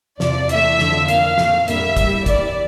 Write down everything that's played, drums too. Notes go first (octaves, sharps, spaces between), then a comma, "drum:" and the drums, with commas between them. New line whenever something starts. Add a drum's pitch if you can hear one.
E2 C3 F3 D5, drum: snare
E2 E3 A3 E5, drum: hi-hat
F2 D3 F3, drum: snare
F2 E3 A#3 F5, drum: hi-hat
A#2 A3, drum: snare
F2 D3 G3 A#3 E5, drum: hi-hat
G2 E3 G3 A#3, drum: kick, hi-hat
E2 E3 G3 A#3 D5, drum: kick, hi-hat